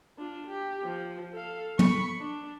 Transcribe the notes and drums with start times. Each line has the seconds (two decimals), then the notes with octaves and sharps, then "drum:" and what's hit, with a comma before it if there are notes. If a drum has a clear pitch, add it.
0.18 D4 F4
0.47 G4
0.84 F3
1.33 A4 F5
1.79 B5 C#6, drum: tom
2.18 D4